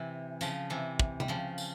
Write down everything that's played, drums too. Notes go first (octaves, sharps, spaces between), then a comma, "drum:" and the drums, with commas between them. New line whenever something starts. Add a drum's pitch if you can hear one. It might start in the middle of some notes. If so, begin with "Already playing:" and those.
Already playing: C3 E3
C#3 F3, drum: tambourine
C3 E3
drum: kick
G3, drum: tom C3
C#3 F3
drum: tambourine